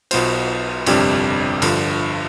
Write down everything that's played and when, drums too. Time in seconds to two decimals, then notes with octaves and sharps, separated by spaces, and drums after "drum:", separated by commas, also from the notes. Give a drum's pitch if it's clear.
0.11 B1 B2 B3 F4 C5, drum: cymbal
0.86 G1 F2 C3 G3 D4, drum: cymbal
1.62 G2 D3 F3, drum: cymbal